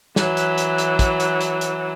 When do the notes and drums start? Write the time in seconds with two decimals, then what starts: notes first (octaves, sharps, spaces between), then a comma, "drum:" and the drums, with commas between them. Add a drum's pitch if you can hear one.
0.16 E3 F#3, drum: snare
0.37 drum: hi-hat
0.58 drum: hi-hat
0.78 drum: hi-hat
0.99 drum: kick, hi-hat
1.20 drum: hi-hat
1.41 drum: hi-hat
1.61 drum: hi-hat